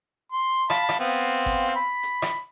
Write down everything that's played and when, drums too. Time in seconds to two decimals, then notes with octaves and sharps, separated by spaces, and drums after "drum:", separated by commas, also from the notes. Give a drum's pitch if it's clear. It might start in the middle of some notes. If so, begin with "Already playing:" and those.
0.33 C6
0.70 F5 A5 B5, drum: rim click
0.89 drum: rim click
1.00 B3 C4 F5
1.27 drum: hi-hat
1.46 drum: kick G1, hi-hat
1.65 drum: hi-hat
1.76 B5
2.03 drum: hi-hat
2.22 drum: rim click